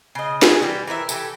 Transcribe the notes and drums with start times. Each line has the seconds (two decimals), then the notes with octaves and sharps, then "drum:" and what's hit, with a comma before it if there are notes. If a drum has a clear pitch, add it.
0.15 C#3 D#5
0.42 G#4 A#4 F#5 G#5, drum: snare
0.62 E3 G3 G4
0.87 E3 A#4 B4 E5
1.09 E3 G4 A4, drum: tambourine